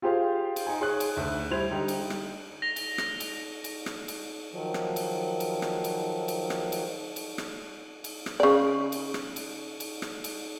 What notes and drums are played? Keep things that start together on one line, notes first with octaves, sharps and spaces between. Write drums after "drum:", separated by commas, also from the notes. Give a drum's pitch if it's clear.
F4 G4 G#4 C5 F5
drum: cymbal
D#4 G#5
G#4 C#5 F#6
drum: cymbal
D2
G3 E4 C5 G#6 F7
D3 G3 D#4 G4
drum: cymbal
drum: rim click
A#6 F7 G7
drum: cymbal
drum: rim click
drum: cymbal
drum: cymbal
drum: rim click
drum: cymbal
D#3 F3 F#3
drum: rim click
drum: cymbal
drum: cymbal
drum: rim click
drum: cymbal
drum: cymbal
drum: rim click
drum: cymbal
drum: cymbal
drum: rim click
drum: cymbal
drum: rim click
C#3 D5
drum: cymbal
drum: rim click
drum: cymbal
drum: cymbal
drum: rim click
drum: cymbal